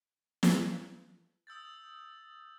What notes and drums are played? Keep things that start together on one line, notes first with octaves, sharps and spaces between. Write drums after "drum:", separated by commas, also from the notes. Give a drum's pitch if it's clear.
drum: snare
D#6 E6 G6 A6